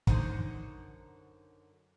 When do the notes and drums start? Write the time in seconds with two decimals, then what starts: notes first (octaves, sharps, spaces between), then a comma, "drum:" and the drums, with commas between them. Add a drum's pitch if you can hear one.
0.07 F#2 D3 D#4 C5 F#5, drum: kick